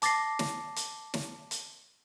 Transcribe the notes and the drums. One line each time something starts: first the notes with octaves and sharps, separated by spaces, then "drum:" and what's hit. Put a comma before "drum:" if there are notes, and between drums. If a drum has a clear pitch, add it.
A5 D6 A6 A#6 C7, drum: hi-hat
drum: snare
drum: hi-hat
drum: snare
drum: hi-hat